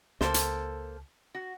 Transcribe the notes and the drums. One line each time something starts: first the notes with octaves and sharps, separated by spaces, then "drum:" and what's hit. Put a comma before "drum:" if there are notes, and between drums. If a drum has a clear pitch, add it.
C#2 A#3 A4 C5, drum: snare
drum: hi-hat
F#4